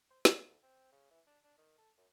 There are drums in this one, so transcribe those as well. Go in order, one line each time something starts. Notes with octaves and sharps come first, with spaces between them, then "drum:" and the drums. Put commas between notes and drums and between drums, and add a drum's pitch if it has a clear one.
C5
A2, drum: snare
D2
C4
C#3
E3
D4
D4
D#3
A4
F#2